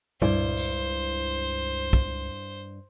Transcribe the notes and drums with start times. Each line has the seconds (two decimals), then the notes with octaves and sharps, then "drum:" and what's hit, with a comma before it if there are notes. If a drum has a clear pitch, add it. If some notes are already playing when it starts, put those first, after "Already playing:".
0.22 C#2 G2 E4 C5 D5, drum: tom A#2
0.57 drum: tambourine
1.93 drum: kick